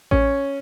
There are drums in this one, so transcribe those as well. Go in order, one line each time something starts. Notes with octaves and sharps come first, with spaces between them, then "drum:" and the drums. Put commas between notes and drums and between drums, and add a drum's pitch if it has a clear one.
C#4, drum: kick A1